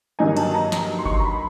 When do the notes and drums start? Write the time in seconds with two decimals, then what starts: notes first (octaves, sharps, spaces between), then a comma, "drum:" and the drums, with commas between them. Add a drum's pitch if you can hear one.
0.19 G2 D#3 F#3 A#3 D#4 G#5
0.37 A5, drum: cymbal
0.55 A#5
0.72 drum: snare
0.99 C6
1.05 C#6, drum: kick G1
1.13 C6
1.20 A#5
1.25 B5